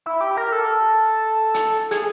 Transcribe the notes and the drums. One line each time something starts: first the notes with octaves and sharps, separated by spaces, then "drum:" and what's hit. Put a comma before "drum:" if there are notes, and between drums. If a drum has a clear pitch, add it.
E4
G4
A#4
A4
drum: hi-hat
G#4, drum: hi-hat